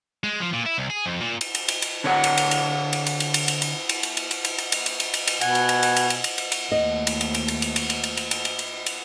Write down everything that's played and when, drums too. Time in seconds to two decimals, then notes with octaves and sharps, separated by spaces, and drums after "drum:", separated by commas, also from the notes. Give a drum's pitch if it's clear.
0.24 G#3
0.40 F3
0.53 A#2
0.66 E4
0.78 C2
0.90 G#4
1.06 F2
1.21 A#2
1.41 drum: cymbal
1.55 drum: cymbal
1.68 drum: cymbal
1.82 drum: cymbal
2.04 D3 C#5 F#5
2.24 drum: cymbal
2.37 drum: cymbal
2.51 drum: cymbal
2.93 drum: cymbal
3.07 drum: cymbal
3.20 drum: cymbal
3.34 drum: cymbal
3.48 drum: cymbal
3.62 drum: cymbal
3.89 drum: cymbal
4.03 drum: cymbal
4.17 drum: cymbal
4.31 drum: cymbal
4.45 drum: cymbal
4.58 drum: cymbal
4.72 drum: cymbal
4.86 drum: cymbal
5.00 drum: cymbal
5.14 drum: cymbal
5.27 drum: cymbal
5.41 B2 F#5 G#5, drum: cymbal
5.55 drum: cymbal
5.69 drum: cymbal
5.83 drum: cymbal
5.96 drum: cymbal
6.10 drum: cymbal
6.24 drum: cymbal
6.38 drum: cymbal
6.52 drum: cymbal
6.72 D#2 A3 D#5
7.07 drum: cymbal
7.21 drum: cymbal
7.35 drum: cymbal
7.48 drum: cymbal
7.62 drum: cymbal
7.76 drum: cymbal
7.90 drum: cymbal
8.04 drum: cymbal
8.17 drum: cymbal
8.31 drum: cymbal
8.45 drum: cymbal
8.59 drum: cymbal
8.86 drum: cymbal